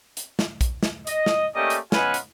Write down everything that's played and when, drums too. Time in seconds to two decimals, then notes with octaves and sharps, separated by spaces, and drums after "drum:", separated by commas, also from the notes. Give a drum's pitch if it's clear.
0.17 drum: hi-hat
0.39 drum: snare
0.61 drum: kick, hi-hat
0.83 drum: snare
1.07 D#5, drum: hi-hat
1.26 drum: snare
1.55 A3 A#3 C#4 G4 D5 D#5
1.70 drum: hi-hat
1.92 B3 C#4 F4 B4 D#5 G#5, drum: snare
2.14 drum: hi-hat